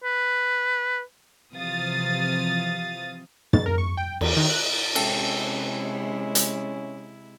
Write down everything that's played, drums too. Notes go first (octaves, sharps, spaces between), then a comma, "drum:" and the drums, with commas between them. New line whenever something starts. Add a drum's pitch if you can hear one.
B4
C3 E3 F3 F5 D#6 A6
A6, drum: tom
A#4
C#6
G5
E2, drum: cymbal
D#3
F#6
C3 G#3 C#4 E4 A4 E5 G5, drum: cymbal
drum: hi-hat